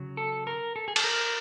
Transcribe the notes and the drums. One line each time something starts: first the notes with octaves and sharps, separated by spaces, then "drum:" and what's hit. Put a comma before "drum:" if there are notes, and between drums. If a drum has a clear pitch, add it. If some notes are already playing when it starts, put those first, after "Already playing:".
Already playing: C#3 F#3
A4
A#4
A4
G#4
A4, drum: cymbal
A#4